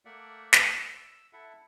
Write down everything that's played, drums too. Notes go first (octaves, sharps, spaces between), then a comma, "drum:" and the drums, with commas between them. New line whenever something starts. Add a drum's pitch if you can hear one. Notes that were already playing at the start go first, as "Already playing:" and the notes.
A3 A#3 D5 E5 F#5
drum: snare
E6
E4 A4 E5 F#5